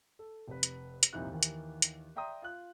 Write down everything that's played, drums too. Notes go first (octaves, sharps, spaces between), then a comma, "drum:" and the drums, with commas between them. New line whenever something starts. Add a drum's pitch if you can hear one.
A4
F1 B4
drum: hi-hat
drum: hi-hat
C2 F2 A#2 D#4 E4 F#6
D#2 D#3 E3
drum: hi-hat
drum: hi-hat
D5 E5 G5 A#5 C6 D#6
F4 F#6